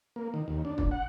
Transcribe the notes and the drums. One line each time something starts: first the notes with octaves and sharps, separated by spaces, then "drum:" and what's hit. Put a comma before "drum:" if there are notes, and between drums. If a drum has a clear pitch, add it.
A#3
D#3
D#2
D4
drum: kick
F#5